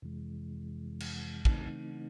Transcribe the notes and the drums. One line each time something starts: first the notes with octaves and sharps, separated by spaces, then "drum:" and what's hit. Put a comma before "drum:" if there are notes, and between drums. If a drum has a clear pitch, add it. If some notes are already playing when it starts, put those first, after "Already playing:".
F2 C3 E3 G#3
drum: cymbal
C#3 E3 A3 C4 D#4, drum: kick